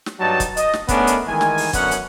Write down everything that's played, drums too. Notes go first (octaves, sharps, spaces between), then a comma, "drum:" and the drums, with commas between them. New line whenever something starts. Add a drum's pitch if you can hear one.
drum: snare
G2 F#3 G3 D#4 A5
drum: kick, hi-hat
D#5, drum: hi-hat
drum: snare
A3 B3 C#4 D4 G#4 A#4, drum: kick, hi-hat
drum: hi-hat
D#3 E3 G#3 G#5
drum: snare
drum: open hi-hat
F#2 D3 B3 C#4 F#5, drum: kick, hi-hat
drum: hi-hat